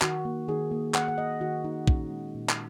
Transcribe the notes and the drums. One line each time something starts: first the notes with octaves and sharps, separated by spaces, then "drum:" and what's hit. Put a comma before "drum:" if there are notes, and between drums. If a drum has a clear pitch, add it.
D#3 F#4, drum: clap
A#3
D#3 G#4
A#3
D#3 F#5, drum: clap
F#5
A#3 D#5
D#3 F#4
A#3 D#4
A#2 C#4, drum: kick
G#3
A#2
drum: clap